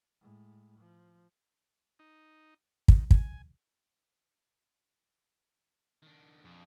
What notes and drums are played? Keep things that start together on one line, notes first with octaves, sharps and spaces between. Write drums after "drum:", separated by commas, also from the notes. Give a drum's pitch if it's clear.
A2 G#3
F3
D#4
D#3, drum: kick
G#5, drum: kick
D#3 D4
F2 D4 G#4